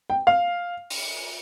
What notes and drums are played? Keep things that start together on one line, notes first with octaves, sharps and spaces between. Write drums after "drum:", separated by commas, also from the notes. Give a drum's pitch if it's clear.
G5
F5
drum: open hi-hat